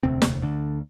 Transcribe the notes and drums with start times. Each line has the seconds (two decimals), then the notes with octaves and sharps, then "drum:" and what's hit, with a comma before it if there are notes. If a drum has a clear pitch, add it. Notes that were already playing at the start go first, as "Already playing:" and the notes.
0.03 E1 D2 C3 C4
0.22 drum: snare
0.42 D2 D3